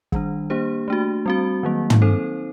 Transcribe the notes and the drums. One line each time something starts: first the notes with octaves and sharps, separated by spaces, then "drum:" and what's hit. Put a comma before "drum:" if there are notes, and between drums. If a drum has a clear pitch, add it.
D#3 G3 D4, drum: kick
A#3 D4 G4 C5
A3 D4 F#4
G3 C4 F#4
D#3 F#3 A#3
drum: tom
C4 D#4 A4 C5